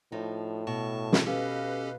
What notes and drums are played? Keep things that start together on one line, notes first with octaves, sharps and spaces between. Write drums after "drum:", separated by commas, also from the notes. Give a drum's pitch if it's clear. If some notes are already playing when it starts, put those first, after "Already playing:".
A2 F3 D#4
B2 A5 C#6
drum: snare
C#4 G4 A4 B4 D#5 F5